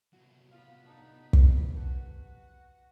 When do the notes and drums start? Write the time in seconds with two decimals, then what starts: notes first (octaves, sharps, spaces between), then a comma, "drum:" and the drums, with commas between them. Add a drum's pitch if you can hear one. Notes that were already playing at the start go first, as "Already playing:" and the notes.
0.13 C2 F#3 F#4
0.51 B3 F4 F5 B5
0.86 D4 D#4 F#4 A4
1.33 E4 A#4 B4 D5, drum: kick
1.74 F#4 G4 A4 F#5